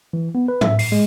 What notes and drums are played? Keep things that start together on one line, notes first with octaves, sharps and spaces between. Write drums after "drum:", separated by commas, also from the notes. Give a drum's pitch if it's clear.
E3
B3
B4
E5, drum: tom G#2
C7, drum: open hi-hat
G#3